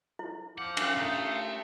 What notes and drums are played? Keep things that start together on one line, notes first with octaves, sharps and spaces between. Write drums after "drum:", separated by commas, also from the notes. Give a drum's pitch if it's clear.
E4
F3 F#5 D6
C#4 D4 F5, drum: cymbal
A3 D#4